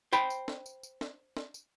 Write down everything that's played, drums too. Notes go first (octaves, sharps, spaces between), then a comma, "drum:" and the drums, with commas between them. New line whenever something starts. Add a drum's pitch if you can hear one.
C5 G5 B5, drum: tambourine
drum: tambourine
drum: snare
drum: tambourine
drum: tambourine
drum: snare
drum: snare
drum: tambourine